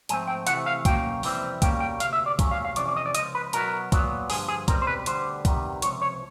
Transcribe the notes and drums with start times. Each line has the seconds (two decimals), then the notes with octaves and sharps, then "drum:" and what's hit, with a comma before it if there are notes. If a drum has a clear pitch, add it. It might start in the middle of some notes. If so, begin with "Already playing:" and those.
0.09 G#2 F3 A3 C4 G#5, drum: hi-hat
0.28 G5
0.47 C3 E3 A3 F#5, drum: hi-hat
0.66 F5
0.85 B2 F#3 A#3 C#4 G5, drum: kick, hi-hat
1.23 F2 C3 E3 G3 C4, drum: open hi-hat
1.62 B2 G3 A#3 C#4 G5, drum: kick, hi-hat
1.80 G5
2.00 D2 C3 F5, drum: hi-hat
2.13 E5
2.26 D5
2.39 C2 A#2 F#3 A3 C#4, drum: kick, hi-hat
2.51 F5
2.65 F5
2.76 F2 C3 E3 C#4 D5, drum: hi-hat
2.87 D5
2.96 D#5
3.06 D5
3.15 C#2 C#3 F3 D#5, drum: hi-hat
3.35 B4
3.53 B2 F#3 B3 A#4, drum: hi-hat
3.92 A#2 F#3 B3, drum: kick, hi-hat
4.30 G2 D3 F3 G#4, drum: open hi-hat
4.48 G#4
4.68 C#2 B2 G3 C4 A#4, drum: kick, hi-hat
4.82 C5
4.87 B4
5.06 D2 D3 G3 B3 C5, drum: hi-hat
5.45 C3 D#3 G3 B3, drum: kick, hi-hat
5.82 C#2 C3 F3 C#5, drum: hi-hat
6.02 C#5